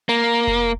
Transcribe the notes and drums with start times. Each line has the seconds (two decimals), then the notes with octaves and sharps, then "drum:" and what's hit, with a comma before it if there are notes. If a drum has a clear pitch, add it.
0.09 A#3
0.47 drum: kick F1